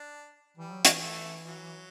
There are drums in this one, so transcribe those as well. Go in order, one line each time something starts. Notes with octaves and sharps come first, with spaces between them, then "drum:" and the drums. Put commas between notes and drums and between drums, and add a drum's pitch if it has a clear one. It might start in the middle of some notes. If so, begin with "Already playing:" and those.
Already playing: D4
E3 G3
F#3
E3, drum: hi-hat
A3
F#3